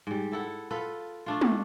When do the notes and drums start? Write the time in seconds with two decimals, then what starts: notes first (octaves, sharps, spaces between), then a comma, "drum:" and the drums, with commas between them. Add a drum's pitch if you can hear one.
0.07 G#2 G3
0.32 E4 A4 F#5
0.70 F4 A4 B4
1.26 A3 D4 F4
1.41 drum: tom